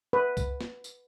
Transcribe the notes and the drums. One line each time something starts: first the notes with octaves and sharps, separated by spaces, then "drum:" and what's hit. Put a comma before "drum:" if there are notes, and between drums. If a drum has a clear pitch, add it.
B4
drum: kick C#2, tambourine
drum: snare
drum: tambourine